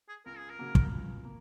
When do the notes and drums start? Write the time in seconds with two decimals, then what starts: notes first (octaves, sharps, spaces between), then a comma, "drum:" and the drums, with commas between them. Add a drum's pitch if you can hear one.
0.09 G#4
0.26 C#2 A#4
0.38 G#4
0.50 A#4
0.59 C#3 F#3 A#3
0.75 drum: kick
0.92 C#2
1.25 A#3